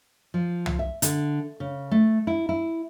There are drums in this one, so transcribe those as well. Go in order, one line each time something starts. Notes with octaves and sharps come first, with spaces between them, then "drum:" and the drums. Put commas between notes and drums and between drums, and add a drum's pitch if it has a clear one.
F3
drum: tom
E5
D3, drum: hi-hat
C#3
A3
E4
E4